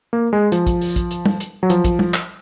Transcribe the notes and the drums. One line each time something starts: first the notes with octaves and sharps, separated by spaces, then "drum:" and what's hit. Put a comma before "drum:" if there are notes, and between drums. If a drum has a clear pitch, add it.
A#3
G#3
F3, drum: hi-hat
drum: kick, hi-hat
drum: open hi-hat
drum: kick, hi-hat
drum: hi-hat
drum: tom
drum: hi-hat
F#3
F3, drum: hi-hat
drum: kick, hi-hat
drum: tom
drum: clap